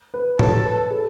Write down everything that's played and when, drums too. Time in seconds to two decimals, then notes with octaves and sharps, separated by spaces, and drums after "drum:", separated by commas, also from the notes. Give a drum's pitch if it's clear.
0.14 B4
0.39 A4 C#5, drum: tom A2
0.65 B4
0.91 A4